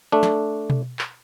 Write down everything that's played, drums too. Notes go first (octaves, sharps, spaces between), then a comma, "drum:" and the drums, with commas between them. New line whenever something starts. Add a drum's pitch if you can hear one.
A3 D4
drum: snare
drum: tom B2
drum: clap